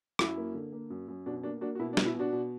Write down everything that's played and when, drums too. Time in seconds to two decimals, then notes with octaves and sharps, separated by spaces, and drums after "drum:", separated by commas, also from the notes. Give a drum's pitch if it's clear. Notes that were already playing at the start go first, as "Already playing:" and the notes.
0.19 F#2 E4, drum: rim click
0.37 A#3
0.55 D3
0.72 A#3
0.90 F#2
1.08 F#2
1.26 B2 D4 F#4
1.43 A#3 D4 F#4
1.61 A#3 D4 F#4
1.75 F#4
1.79 B2 E4
1.93 D4
1.97 B2, drum: snare
2.06 E4
2.15 B2 D4 F#4
2.33 B2